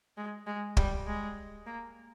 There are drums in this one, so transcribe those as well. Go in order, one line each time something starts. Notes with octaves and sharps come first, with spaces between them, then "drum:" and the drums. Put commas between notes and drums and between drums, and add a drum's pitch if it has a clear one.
G#3
G#3
G3, drum: kick
G#3
A#3